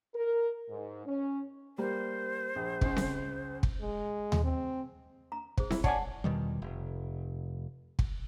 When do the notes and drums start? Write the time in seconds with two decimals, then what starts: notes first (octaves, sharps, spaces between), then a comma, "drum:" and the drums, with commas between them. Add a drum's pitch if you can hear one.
0.15 A#4
0.69 G#2
1.06 C#4
1.78 G3 A#3 C5
2.56 A#1
2.81 C#2 C#3, drum: kick
2.96 drum: snare C4
3.63 drum: kick
3.81 G#3
4.32 drum: tom D#2
4.44 C4
5.32 A#5
5.58 G#4 C5, drum: kick
5.71 E4, drum: snare C4
5.84 C#5 D5 F#5 G#5 A5, drum: kick
6.24 E2 B2 D#3 G3
6.62 F1
7.99 drum: kick